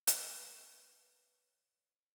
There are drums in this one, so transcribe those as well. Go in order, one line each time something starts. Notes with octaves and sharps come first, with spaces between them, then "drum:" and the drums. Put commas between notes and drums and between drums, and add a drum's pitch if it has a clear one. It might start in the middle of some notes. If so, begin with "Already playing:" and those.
B4 C#5, drum: hi-hat